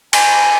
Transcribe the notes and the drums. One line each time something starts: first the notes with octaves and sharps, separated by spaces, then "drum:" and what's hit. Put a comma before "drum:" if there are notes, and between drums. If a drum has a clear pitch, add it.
G#5, drum: cymbal